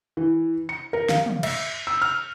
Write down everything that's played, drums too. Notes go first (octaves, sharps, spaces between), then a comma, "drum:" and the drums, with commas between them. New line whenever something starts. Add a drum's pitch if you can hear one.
E3
C#7
A#4
F5, drum: snare
drum: tom
E5, drum: cymbal
E6
F6